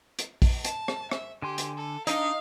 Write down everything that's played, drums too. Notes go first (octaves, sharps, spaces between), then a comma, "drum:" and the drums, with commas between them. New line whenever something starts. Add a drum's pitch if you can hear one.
drum: hi-hat
drum: kick A#1, open hi-hat
A5, drum: hi-hat
drum: rim click
E5, drum: rim click
D3 G4 G#5 C6
drum: hi-hat
A4
D4 D#4 F5, drum: hi-hat